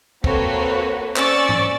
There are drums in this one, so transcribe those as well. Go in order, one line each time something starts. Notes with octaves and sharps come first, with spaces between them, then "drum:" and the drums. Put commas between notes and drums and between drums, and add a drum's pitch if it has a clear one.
A#3 C4 F#4 A4 B4 C#5, drum: kick
C#4 C5 D5 C#6 E6 A6, drum: clap
drum: tom G#2